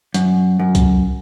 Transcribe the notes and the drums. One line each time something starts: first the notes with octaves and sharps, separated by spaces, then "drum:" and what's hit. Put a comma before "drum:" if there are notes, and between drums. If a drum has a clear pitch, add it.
F#2, drum: hi-hat
F#2
drum: kick C2, hi-hat